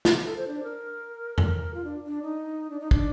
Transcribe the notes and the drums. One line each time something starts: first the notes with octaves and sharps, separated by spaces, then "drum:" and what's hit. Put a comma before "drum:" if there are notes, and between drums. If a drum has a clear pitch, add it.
drum: snare
F4
A4
C5
D4
A#4
A4, drum: tom E2
A#4
F4
D4
D4
D#4
D4
D#4
D4, drum: kick